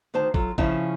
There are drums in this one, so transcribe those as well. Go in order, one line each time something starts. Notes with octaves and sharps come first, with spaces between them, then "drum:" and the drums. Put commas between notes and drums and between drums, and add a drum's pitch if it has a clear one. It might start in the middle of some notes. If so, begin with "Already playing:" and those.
D2 D#3 C5 A5
F#3 F4 A4, drum: kick
C#3 F3 C#4 E4 E5 A5, drum: kick